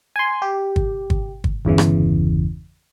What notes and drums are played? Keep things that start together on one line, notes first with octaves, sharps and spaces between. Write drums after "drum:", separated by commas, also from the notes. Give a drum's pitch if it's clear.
G#5 C6
G4
drum: kick G1
drum: kick G1
drum: kick G1
G1 E2 C#3 E3
drum: rim click